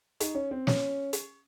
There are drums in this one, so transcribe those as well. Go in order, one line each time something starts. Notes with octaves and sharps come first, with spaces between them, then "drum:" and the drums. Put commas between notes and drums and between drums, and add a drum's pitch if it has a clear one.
D#4, drum: hi-hat
C#4
C4
C#4, drum: snare
drum: hi-hat